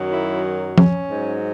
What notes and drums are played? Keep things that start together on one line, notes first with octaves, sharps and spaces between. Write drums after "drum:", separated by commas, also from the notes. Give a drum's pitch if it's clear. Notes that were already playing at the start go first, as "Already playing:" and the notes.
Already playing: F#2 D#3 F#3
E4
C#4, drum: tom F3
G#2 F#3